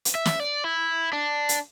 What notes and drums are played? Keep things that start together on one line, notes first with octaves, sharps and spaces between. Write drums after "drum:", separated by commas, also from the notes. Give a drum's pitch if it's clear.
drum: hi-hat
E5
drum: snare
D5
E4
D4
drum: hi-hat